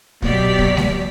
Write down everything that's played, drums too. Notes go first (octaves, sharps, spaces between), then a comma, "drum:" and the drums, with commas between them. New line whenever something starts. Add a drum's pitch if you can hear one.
B2 F#3 G4 D5 B6, drum: kick
drum: kick
drum: snare G#3